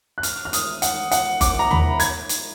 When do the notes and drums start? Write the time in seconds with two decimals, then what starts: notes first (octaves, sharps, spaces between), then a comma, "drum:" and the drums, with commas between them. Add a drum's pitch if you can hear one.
0.18 F#6
0.23 F6, drum: hi-hat
0.45 F6
0.53 D#6, drum: hi-hat
0.82 F#5, drum: hi-hat
1.11 F#5, drum: hi-hat
1.41 D6, drum: kick F#1, hi-hat
1.59 A#5
1.71 B5, drum: tom
2.00 G#6, drum: hi-hat
2.29 drum: hi-hat